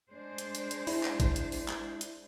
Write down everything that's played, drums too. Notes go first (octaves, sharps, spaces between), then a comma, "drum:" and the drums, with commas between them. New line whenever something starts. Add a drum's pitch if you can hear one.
G#3 D4 C5
drum: hi-hat
drum: hi-hat
drum: hi-hat
E4, drum: open hi-hat
drum: clap
drum: kick G#1, hi-hat
drum: hi-hat
drum: open hi-hat
drum: clap
drum: hi-hat